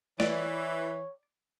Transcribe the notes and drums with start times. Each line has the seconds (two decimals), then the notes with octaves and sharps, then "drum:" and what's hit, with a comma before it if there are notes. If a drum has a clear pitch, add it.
0.20 E3 C#5 D5, drum: snare